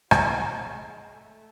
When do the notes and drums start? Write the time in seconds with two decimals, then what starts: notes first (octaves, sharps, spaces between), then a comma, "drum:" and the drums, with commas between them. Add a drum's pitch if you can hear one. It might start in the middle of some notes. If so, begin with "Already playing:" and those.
0.11 F#3, drum: rim click
0.63 G#3
1.14 A3